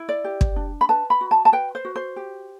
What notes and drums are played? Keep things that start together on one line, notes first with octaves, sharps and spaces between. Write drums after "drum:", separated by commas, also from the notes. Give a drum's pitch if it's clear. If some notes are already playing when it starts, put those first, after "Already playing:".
Already playing: E4
D5
G4
drum: kick
D4
B5
B4 A5
B5
F#4
A5
A5
B4 G5
C5
F#4
C5
G4